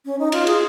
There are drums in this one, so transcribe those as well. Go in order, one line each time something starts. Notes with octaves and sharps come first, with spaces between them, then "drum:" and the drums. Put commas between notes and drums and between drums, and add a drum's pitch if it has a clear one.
C#4
D#4
F4, drum: cymbal
G#4, drum: cymbal